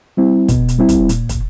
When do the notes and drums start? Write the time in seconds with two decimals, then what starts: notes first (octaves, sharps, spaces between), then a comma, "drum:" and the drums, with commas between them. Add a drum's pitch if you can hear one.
0.17 G3 C4 E4
0.48 B2, drum: kick, hi-hat
0.68 drum: hi-hat
0.79 G3 C4 E4
0.89 drum: kick, hi-hat
1.09 A#2, drum: hi-hat
1.29 drum: kick, hi-hat